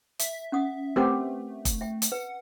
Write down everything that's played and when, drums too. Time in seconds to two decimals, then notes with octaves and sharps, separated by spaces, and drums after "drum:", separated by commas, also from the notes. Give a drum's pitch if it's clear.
0.19 E5, drum: hi-hat
0.52 C#4 F#5 D#6
0.96 A3 C4 G4 A#4 B4 F#5
1.65 drum: kick, hi-hat
1.81 E5 G5
2.02 drum: hi-hat
2.12 B4 F#5